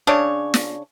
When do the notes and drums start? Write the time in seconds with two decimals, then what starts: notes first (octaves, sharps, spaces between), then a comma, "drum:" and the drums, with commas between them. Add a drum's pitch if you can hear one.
0.07 C#3 D4 C#5
0.54 drum: snare